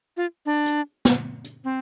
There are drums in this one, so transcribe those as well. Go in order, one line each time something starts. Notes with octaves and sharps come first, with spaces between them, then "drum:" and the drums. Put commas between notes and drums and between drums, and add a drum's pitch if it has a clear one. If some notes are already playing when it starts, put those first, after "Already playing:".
F4
D4
drum: hi-hat
drum: snare
drum: hi-hat
C4